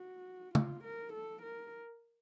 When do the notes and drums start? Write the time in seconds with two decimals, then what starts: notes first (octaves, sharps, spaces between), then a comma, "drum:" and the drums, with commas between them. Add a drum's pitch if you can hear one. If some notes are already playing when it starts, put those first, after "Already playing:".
Already playing: F#4
0.55 F4, drum: tom
0.84 A#4
1.13 A4
1.42 A#4